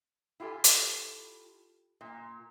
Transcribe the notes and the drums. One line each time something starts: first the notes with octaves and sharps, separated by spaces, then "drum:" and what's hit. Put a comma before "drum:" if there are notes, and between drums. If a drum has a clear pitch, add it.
E4 F4 G4 A4 G#5
drum: hi-hat
A#2